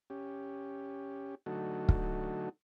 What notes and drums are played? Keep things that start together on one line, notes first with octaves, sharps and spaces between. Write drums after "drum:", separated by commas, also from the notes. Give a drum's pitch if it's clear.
C#4 G4
D3 F#3 A3 D#4 F#4 A4
drum: kick